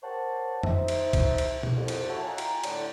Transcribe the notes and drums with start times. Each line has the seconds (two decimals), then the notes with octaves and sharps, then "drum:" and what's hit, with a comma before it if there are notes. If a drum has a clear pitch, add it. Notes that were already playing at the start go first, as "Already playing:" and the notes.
0.03 G4 A#4 C5 C#5 F#5 A5
0.63 D#4 C5 E5, drum: tom F2
0.88 drum: cymbal
1.13 drum: kick C2, cymbal
1.38 drum: cymbal
1.63 drum: tom B2
1.76 C2 F2
1.88 drum: cymbal
2.08 F#3 E4 F#4 A4 C#5
2.24 G#3 F4 G5 G#5 A#5
2.38 drum: cymbal
2.64 A2 D3, drum: cymbal